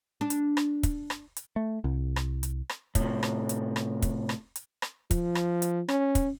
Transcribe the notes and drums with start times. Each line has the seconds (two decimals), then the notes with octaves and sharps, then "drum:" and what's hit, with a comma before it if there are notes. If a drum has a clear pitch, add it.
0.21 D4
0.30 drum: hi-hat
0.57 drum: rim click
0.83 drum: kick, hi-hat
1.10 drum: rim click
1.36 drum: hi-hat
1.56 A3
1.84 C2
2.16 drum: rim click
2.43 drum: hi-hat
2.69 drum: rim click
2.95 A2 C3, drum: kick, hi-hat
3.23 drum: rim click
3.49 drum: hi-hat
3.76 drum: rim click
4.02 drum: kick, hi-hat
4.29 drum: rim click
4.56 drum: hi-hat
4.82 drum: rim click
5.11 F3, drum: kick, hi-hat
5.35 drum: rim click
5.62 drum: hi-hat
5.88 C#4, drum: rim click
6.15 drum: kick, hi-hat